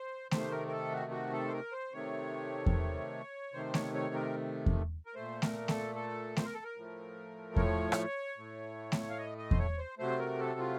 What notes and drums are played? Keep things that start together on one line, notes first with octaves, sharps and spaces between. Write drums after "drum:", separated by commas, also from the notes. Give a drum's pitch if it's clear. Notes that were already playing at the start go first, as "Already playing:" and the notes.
Already playing: C5
C3 D#3 A3 C5, drum: snare A3
A#4
A#4
A4
F#4
F#4
A4
C5
A#4
C5
C3 D#3 A3 C#5
drum: kick E2
C3 D#3 A3 C5
C#5, drum: snare A3
C#5
A#4
drum: kick E2
A#4
A#2 A3 C5
A#4, drum: snare A3
A4, drum: snare A3
A4
C5, drum: snare A3
A#4
A4
A#4
A2 F3 A3
C#5, drum: kick E2
drum: rim click
A2 A3
drum: snare A3
F5
D#5
D#5
C5, drum: kick E2
C#5
C5
C3 F#3 A3 C5
A#4
A4
F4